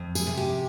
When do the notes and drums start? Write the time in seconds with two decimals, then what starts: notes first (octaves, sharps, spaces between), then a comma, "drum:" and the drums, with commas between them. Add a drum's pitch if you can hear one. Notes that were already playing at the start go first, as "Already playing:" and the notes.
Already playing: F2
0.15 G#4, drum: tambourine
0.27 C3
0.37 G4